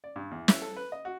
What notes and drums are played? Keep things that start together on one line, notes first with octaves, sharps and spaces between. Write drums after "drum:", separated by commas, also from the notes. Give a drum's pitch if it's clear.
D5
G2
E2
E4, drum: snare
A4
B4
D#5
F#4